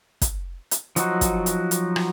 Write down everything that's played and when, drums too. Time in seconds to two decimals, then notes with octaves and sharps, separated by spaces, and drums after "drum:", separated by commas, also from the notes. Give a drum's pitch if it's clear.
0.22 drum: kick, hi-hat
0.71 drum: hi-hat
0.96 F3 F#3 D#4 F#4, drum: hi-hat
1.21 drum: kick, hi-hat
1.46 drum: hi-hat
1.71 drum: hi-hat
1.96 drum: rim click